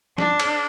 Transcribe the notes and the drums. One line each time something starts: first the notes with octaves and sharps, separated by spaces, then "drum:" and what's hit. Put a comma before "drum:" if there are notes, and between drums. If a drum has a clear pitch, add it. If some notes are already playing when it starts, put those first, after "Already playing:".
D4, drum: snare
drum: cymbal